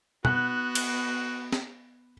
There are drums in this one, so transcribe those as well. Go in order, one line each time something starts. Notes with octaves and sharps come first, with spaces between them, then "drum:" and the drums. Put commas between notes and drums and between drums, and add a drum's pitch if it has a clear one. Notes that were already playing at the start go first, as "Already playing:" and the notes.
B3 F#4 F#6, drum: tom
drum: cymbal
drum: snare